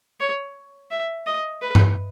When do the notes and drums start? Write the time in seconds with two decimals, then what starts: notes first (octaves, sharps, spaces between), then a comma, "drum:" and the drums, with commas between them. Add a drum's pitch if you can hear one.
0.20 C#5
0.91 E5
1.27 D#5
1.62 B4
1.75 drum: tom G2